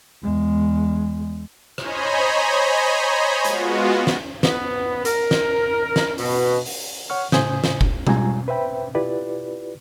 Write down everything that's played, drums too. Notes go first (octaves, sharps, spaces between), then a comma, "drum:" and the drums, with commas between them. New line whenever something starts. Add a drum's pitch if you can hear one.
E2 G#3
C5 C#5 D#5 G#5 A#5 B5, drum: rim click
G#3 B3 F4 F#4, drum: hi-hat
drum: snare
B3, drum: snare
A#4, drum: hi-hat
drum: snare
drum: snare
B2, drum: open hi-hat
drum: open hi-hat
C#5 F#5 C#6 F6
A2 C#3 C5 G#5 D#6 G6, drum: snare
drum: snare
drum: kick F1
G3 G#3 F4 G#5 A#5, drum: tom B2
B4 C5 E5 G5 B5
E4 F4 G4 B4 D5